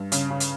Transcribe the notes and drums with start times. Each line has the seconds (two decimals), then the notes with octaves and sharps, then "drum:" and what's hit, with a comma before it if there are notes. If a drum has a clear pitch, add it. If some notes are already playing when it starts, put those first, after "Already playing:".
Already playing: G2
0.12 C#3, drum: hi-hat
0.30 C#3
0.40 drum: hi-hat